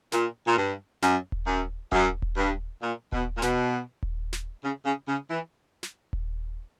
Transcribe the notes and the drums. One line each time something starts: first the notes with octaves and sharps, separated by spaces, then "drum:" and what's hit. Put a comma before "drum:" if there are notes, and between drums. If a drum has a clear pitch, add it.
A#2, drum: snare
A#2
G2
F#2, drum: snare
drum: kick D#1
F#2
F#2, drum: kick D#1
drum: kick D#1
G2
A#2
B2, drum: kick D#1
A#2
B2, drum: snare
drum: kick D#1
drum: snare
C#3
C#3
C#3
E3
drum: snare
drum: kick D#1